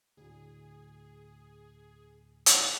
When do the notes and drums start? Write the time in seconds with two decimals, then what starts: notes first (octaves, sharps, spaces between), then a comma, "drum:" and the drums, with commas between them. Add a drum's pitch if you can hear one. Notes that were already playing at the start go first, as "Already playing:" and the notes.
0.17 D2 A2 G#4
2.46 drum: hi-hat